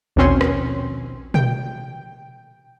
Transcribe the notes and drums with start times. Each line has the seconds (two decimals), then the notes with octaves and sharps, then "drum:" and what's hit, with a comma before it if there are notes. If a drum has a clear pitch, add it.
0.16 A#1 D#2 B2 C4 C#4 C6
0.41 drum: rim click
1.34 G5, drum: tom